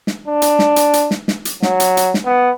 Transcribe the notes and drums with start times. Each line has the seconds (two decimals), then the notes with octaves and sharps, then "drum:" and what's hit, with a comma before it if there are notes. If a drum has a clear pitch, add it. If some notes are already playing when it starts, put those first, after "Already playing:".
0.07 drum: snare
0.28 D4
0.42 drum: hi-hat
0.59 drum: snare
0.76 drum: hi-hat
0.93 drum: hi-hat
1.11 drum: snare
1.28 drum: snare
1.45 drum: hi-hat
1.62 F#3, drum: snare
1.80 drum: hi-hat
1.97 drum: hi-hat
2.14 drum: snare
2.25 B3